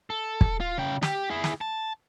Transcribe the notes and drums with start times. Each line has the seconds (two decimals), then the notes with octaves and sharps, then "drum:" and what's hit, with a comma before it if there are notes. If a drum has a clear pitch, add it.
0.10 A4
0.41 drum: kick
0.60 F4
0.78 C#3 G5
1.03 G4, drum: snare
1.30 E4 G#4
1.44 drum: snare
1.61 A5